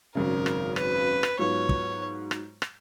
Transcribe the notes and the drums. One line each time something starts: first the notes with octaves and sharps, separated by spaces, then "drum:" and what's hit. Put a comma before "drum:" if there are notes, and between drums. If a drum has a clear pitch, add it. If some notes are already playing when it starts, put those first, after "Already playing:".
G#1 F#2 C#3 A#4
drum: rim click
B4, drum: rim click
drum: rim click
G#2 F#3 B3 F4 C#5
drum: kick
drum: rim click
drum: rim click